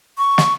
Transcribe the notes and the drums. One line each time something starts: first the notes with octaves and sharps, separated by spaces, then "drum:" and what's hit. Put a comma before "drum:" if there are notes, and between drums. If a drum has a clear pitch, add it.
C#6
drum: snare